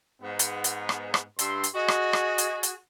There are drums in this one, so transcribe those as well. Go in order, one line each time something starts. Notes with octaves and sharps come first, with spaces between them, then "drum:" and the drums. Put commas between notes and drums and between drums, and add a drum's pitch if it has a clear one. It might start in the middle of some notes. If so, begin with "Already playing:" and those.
G#2 B3
drum: hi-hat
drum: hi-hat
drum: rim click
drum: rim click
G2 E5 C6, drum: hi-hat
drum: hi-hat
F#4 G#4 D#5
drum: rim click
drum: rim click
drum: hi-hat
drum: hi-hat